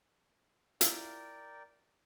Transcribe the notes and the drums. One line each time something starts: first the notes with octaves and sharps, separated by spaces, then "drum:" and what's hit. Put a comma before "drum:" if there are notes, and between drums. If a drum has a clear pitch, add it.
E4 F4 A#4 D5 G5, drum: hi-hat